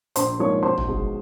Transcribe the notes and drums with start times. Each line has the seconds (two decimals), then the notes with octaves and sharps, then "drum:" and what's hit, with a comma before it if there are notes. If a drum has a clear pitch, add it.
0.16 A#1 C5 C6, drum: hi-hat
0.39 G#2 F3 A#3 C#5 C#6
0.63 B1 C5 C6
0.78 drum: tom
0.87 B2 G#3